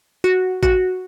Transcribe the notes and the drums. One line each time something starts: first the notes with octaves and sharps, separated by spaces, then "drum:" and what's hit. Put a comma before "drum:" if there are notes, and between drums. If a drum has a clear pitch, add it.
F#4
F#4, drum: kick